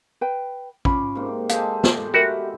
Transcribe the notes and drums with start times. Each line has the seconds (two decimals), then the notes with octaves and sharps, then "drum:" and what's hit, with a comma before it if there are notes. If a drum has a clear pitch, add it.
0.21 B4 G5
0.85 C#4 F4 B5 D6, drum: kick
1.15 G#2 C3 A#3
1.49 G#3 G4 A4 F5, drum: hi-hat
1.84 drum: snare
2.14 E4 F#4 G4 A#4 E5